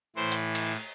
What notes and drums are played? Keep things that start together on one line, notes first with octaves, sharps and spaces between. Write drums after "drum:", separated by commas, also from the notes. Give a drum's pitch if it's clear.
A2 E3 C5
drum: hi-hat
drum: cymbal